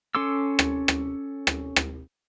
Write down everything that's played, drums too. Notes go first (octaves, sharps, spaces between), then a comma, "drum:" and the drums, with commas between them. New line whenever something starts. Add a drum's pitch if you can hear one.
C#4 A4 C6 D6 E6
drum: rim click
drum: rim click
drum: rim click
drum: rim click